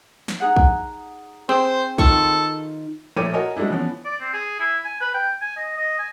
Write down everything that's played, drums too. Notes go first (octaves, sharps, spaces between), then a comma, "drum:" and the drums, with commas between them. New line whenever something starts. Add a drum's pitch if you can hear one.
drum: snare
D#4 G#4 F#5
drum: kick
C4 G#4 C5 G5
D#3 F4 A4 C#6, drum: kick
A#1 A3 E4 C#5 D6 D#7
F#4 A#4 C#5 D#5 G#5
F#3 G#3 A3 D4 E4
E3 F3 B3 C#4
D5
C4
G#4
E4
G#5
B4
G5
G#5
D#5
D#5
G#5